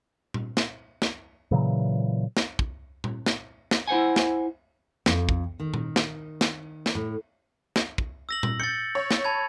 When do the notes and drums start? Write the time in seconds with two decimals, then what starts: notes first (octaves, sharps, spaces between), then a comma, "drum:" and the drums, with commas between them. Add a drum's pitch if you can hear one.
0.34 drum: tom A#2
0.57 drum: snare
1.02 drum: snare
1.51 A#2 C#3 E3 F#3
2.37 drum: snare
2.59 drum: kick
3.04 drum: tom A#2
3.26 drum: snare
3.71 drum: snare
3.88 E4 C5 F#5 G#5
4.16 drum: snare
5.06 F2, drum: snare
5.29 drum: kick
5.60 D#3
5.74 drum: tom A#2
5.96 drum: snare
6.41 drum: snare
6.86 drum: snare
6.95 A2
7.76 drum: snare
7.98 drum: kick
8.29 E6 A#6 F#7
8.43 drum: tom A#2
8.60 G6 A6 C#7
8.95 C#5
9.11 drum: snare
9.24 A5 B5 G#6